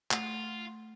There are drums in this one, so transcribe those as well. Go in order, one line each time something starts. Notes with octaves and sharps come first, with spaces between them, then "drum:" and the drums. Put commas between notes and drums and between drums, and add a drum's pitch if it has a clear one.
A3 F4 F#5, drum: clap